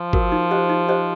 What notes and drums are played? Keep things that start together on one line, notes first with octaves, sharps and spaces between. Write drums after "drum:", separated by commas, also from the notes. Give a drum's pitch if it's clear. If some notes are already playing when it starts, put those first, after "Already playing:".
Already playing: F3
F#4 A#4, drum: kick G1
D#4
G4 C5 D#5
D#4
G4 C5 D#5